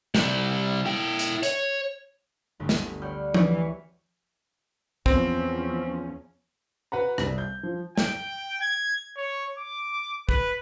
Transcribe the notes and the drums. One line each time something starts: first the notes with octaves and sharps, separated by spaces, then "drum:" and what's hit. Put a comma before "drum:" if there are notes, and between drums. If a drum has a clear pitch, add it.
C3 G3, drum: snare
E4 G5
drum: hi-hat
C#5, drum: hi-hat
G1 D2 G2
drum: snare
G3 C#5 F#5 F6 G6
E3 C#5 C#6, drum: tom F3
E2 F3 C4 C#4, drum: kick
F#4 B4 F#5 A#5
C2 G3, drum: rim click
G6
F3
G5, drum: snare
G#6
C#5
D6
B4, drum: kick